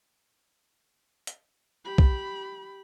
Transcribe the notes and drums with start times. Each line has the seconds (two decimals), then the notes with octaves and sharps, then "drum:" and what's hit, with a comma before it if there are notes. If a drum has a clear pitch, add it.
1.27 drum: hi-hat
1.85 G4 B5
1.98 drum: kick